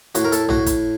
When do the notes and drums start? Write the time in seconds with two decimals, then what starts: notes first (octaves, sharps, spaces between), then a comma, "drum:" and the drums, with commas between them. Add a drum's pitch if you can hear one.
0.15 A2 F#4, drum: hi-hat
0.25 A#4
0.32 A4, drum: hi-hat
0.49 A2 F#4, drum: tom A#1
0.66 drum: kick, hi-hat